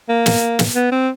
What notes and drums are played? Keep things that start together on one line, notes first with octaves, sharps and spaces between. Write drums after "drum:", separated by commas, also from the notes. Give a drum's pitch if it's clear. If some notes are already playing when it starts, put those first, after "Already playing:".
A#3
drum: snare
drum: snare
B3
C4